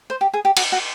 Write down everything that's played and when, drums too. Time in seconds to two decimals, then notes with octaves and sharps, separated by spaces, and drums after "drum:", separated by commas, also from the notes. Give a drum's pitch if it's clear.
0.10 C5
0.21 G4
0.34 G#4
0.45 G4
0.57 F#4, drum: cymbal
0.72 F#4